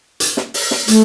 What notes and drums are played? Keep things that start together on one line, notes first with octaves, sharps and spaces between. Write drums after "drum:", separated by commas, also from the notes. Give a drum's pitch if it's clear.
drum: hi-hat
drum: snare
drum: open hi-hat
drum: snare
A3, drum: hi-hat